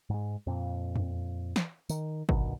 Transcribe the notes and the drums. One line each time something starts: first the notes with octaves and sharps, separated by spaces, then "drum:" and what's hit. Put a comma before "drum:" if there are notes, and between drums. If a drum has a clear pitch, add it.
G#2 G#3
F2 A#2
drum: tom
drum: snare
D#3, drum: tambourine
C2 G2 B2 D#3, drum: kick G#1